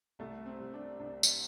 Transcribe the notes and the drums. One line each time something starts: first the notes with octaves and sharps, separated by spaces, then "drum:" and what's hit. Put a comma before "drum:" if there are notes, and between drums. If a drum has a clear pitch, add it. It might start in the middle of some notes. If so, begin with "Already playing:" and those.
C2 A3
C4
C2
D4
C2 D4
drum: tambourine